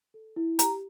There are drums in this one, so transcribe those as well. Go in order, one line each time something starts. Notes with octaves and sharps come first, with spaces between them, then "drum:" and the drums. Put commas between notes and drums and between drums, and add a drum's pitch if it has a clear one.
A4
E4
G4 A#5, drum: hi-hat